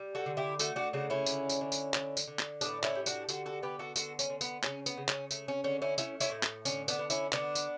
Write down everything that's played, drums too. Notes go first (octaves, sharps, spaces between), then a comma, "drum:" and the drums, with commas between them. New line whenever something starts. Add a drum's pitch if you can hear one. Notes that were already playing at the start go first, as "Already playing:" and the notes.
Already playing: G3
F#4 A4
D3
E4 G4
A3 F#4 A4, drum: tambourine
D4 F#4
C#3 D4 F#4
C#4 E4
D3, drum: tambourine
drum: tambourine
D3
drum: tambourine
D3, drum: clap
drum: tambourine
D3
drum: clap
A2 B3 D4, drum: tambourine
C#4 E4, drum: clap
G3
D4 F#4, drum: tambourine
D3 F#4 A4, drum: tambourine
F#4 A4
B3 G4 B4
F#4 A4
D3 F#4 A4, drum: tambourine
C#4, drum: tambourine
D3
B3, drum: tambourine
C#3 C#4, drum: clap
B3, drum: tambourine
C#3
C#4, drum: clap
A3, drum: tambourine
C#4
D3 C#4
C#4 E4
A3 C#4 E4, drum: tambourine
C#4 E4, drum: tambourine
A2
drum: clap
D3 C#4, drum: tambourine
B3 D4, drum: tambourine
B3
C#4 E4, drum: tambourine
D3 B3 D4, drum: clap
drum: tambourine